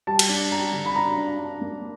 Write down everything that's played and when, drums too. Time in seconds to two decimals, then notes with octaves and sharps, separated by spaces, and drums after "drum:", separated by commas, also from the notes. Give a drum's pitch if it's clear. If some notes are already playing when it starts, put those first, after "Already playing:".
0.07 G3 A5
0.19 drum: cymbal
0.29 D4
0.51 G3 A#5
0.72 D3
0.86 B5
0.95 D4 A#5
1.17 D4
1.39 D4
1.61 A#3